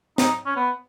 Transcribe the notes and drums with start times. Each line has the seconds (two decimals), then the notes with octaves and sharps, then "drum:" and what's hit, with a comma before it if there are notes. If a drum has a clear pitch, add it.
0.18 D#4, drum: snare
0.46 C#4
0.56 B3